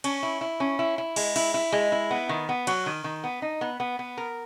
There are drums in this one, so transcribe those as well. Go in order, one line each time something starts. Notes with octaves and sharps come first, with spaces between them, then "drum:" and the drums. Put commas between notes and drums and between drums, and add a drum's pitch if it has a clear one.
C#4, drum: cymbal
E4
E4
C#4
E4
E4
G#3, drum: cymbal
E4, drum: cymbal
E4
G#3
E4
B3
D#3
B3
F#3, drum: cymbal
D#3
D#3
B3
D#4
B3
B3
B3
A#4